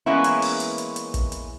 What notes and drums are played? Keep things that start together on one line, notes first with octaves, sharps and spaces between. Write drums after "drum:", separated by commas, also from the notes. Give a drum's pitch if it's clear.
E3 G#3 A#3 B3 C#4 E4
drum: hi-hat
drum: open hi-hat
drum: hi-hat
drum: hi-hat
drum: hi-hat
drum: kick, hi-hat
drum: hi-hat